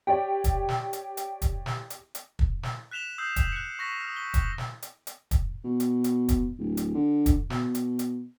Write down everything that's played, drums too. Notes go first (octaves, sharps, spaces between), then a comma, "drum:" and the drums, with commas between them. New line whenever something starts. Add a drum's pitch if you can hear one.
G4 C#5 D5 G5
drum: kick, hi-hat
drum: snare
drum: hi-hat
drum: hi-hat
drum: kick, hi-hat
drum: snare
drum: hi-hat
drum: hi-hat
drum: kick
drum: snare
F#6 B6 E7 F7 G7
D#6 E6 G6 C7
drum: kick, hi-hat
F#6 C#7
C#6 A#6 B6
D#6 F6
G7
drum: kick, hi-hat
drum: snare
drum: hi-hat
drum: hi-hat
drum: kick, hi-hat
B2
drum: hi-hat
drum: hi-hat
drum: kick, hi-hat
D1
drum: hi-hat
D3
drum: kick, hi-hat
B2, drum: snare
drum: hi-hat
drum: hi-hat